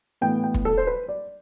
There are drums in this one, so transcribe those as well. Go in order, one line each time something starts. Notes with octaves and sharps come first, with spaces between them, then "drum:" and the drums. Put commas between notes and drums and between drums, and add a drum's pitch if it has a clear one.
A2 E3 B3 G5
G5
drum: kick
A4
C5
B4
D5